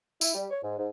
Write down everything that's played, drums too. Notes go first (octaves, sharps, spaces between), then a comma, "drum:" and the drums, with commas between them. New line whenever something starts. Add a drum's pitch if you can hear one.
E4, drum: tambourine
G3
C#5
G#2
G#2